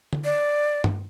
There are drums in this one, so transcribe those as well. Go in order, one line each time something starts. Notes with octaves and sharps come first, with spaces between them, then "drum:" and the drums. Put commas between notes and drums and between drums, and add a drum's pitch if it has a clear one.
drum: tom D3
D5
drum: tom G2